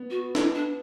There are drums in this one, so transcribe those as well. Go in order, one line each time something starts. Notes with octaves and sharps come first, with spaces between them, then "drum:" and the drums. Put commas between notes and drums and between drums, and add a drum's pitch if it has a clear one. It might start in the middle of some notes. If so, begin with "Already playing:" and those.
Already playing: B3
F#4
E4, drum: snare
D4